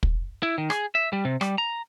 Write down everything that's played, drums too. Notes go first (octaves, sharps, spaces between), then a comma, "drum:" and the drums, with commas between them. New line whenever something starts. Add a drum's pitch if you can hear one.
drum: kick
E4
D#3
G#4, drum: rim click
E5
G3
C3
G3, drum: rim click
A#5